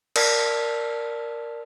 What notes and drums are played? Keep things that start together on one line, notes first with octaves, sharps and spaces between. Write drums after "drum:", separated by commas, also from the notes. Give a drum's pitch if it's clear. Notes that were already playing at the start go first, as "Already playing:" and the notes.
A#4 D5 A5 F6 B6, drum: cymbal